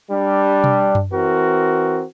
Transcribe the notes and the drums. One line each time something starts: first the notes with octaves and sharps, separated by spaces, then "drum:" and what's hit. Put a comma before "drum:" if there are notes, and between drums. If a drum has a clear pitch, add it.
G3 D4
drum: tom B2
drum: tom F#2
E3 C4 F#4 A#4